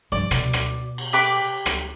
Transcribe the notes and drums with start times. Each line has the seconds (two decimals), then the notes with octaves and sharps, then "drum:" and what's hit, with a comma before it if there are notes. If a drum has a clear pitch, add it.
0.12 G2 F3 D5
0.31 B2, drum: rim click
0.53 drum: rim click
0.98 drum: cymbal
1.13 G4 B4 D6
1.66 drum: rim click